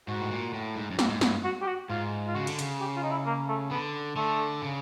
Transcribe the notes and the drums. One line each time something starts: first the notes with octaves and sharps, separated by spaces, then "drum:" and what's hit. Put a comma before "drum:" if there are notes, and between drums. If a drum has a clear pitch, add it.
G#2 F#4
A2
A#2
A2
G#2
F#2
G2, drum: snare
G#2
G2, drum: snare
F#4
G4
F#4
G#2 F4
F4
C#3 F#4
D3, drum: cymbal
C#3, drum: hi-hat
G4
F4
D#4
E4
A#3
A3
D3 B3
D3 A3
C#3